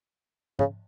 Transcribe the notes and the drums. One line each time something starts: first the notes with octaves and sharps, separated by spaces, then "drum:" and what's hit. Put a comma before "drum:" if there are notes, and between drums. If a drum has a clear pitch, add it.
C#3, drum: tom